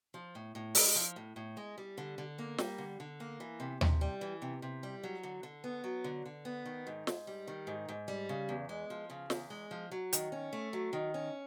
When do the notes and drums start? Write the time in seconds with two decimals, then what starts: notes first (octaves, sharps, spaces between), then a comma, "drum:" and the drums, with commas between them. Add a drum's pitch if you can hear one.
0.14 F3
0.35 A2
0.55 A2
0.75 G#3, drum: open hi-hat
0.95 F3
1.16 A2
1.36 A2
1.57 G#3
1.78 G3
1.98 D3
2.18 D3
2.38 A#3
2.58 G3, drum: snare
2.78 D3
3.00 D3
3.20 A#3
3.40 E3
3.60 C3
3.81 C3, drum: tom D#2
4.01 G3
4.21 E3
4.42 C3
4.62 C3
4.83 G3
5.03 F#3
5.23 D3
5.43 D3
5.64 B3
5.84 F#3
6.04 D3
6.26 D3
6.45 B3
6.66 D#3
6.87 G#2
7.07 G#2, drum: snare
7.27 G3
7.48 D#3
7.67 G#2
7.89 G#2
8.08 G3
8.29 C#3
8.49 E2
8.69 G#3
8.90 F3
9.10 C#3
9.30 E2, drum: snare
9.50 G#3
9.71 F3
9.91 F#3
10.13 D#3, drum: hi-hat
10.32 C#4
10.53 A3
10.73 F#3
10.93 D#3
11.14 C#4